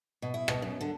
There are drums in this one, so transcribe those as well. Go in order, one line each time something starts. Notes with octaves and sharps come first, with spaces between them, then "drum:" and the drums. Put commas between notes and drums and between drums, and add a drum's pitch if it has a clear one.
B2
E4
B2, drum: rim click
F#2
D3